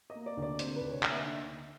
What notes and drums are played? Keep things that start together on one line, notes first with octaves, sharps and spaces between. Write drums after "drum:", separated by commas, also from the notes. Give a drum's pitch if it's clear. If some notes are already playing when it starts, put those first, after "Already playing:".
D#5
A#3
D5
D2
D5
C3 C5, drum: hi-hat
B4
D2
C#5
A#3, drum: clap
E5
D#5
D3 E5
D3